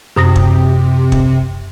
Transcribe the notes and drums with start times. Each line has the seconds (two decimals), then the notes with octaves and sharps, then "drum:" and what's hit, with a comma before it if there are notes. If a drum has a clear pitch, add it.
0.16 F#2 C3 D#6 A#6
0.36 drum: kick
1.12 drum: kick